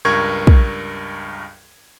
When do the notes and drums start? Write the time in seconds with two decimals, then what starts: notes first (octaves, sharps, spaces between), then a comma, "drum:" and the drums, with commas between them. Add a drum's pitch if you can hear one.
0.05 C#2 G2 A#4 C#6 G#6
0.47 drum: kick